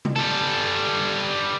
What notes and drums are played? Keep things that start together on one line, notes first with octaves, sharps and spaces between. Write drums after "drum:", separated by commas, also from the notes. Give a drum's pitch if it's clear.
drum: tom C3
G3 A4